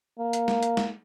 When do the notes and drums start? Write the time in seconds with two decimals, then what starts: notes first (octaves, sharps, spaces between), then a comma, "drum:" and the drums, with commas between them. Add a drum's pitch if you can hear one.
0.19 A#3
0.33 drum: hi-hat
0.48 drum: snare
0.63 drum: hi-hat
0.77 drum: snare